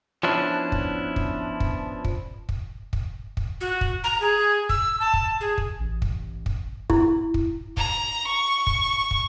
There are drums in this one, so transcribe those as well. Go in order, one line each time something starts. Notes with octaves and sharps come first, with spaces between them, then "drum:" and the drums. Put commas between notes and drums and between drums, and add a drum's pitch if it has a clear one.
F3 B3 C#4 D4 E4
drum: kick
drum: kick
drum: kick
drum: kick
drum: kick
drum: kick
drum: kick
F#4
drum: kick
A#5
G#4
E6, drum: kick
A5
drum: kick
G#4
drum: kick
A1
drum: kick
drum: kick
E4, drum: kick
drum: kick
A#5, drum: kick
C#6
drum: kick
drum: kick